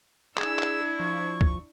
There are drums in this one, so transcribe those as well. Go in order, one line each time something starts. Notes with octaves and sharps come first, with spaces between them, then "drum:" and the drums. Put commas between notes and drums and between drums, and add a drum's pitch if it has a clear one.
D4 E4 G#4 E6 G#6, drum: clap
drum: clap
F3 C#6
drum: kick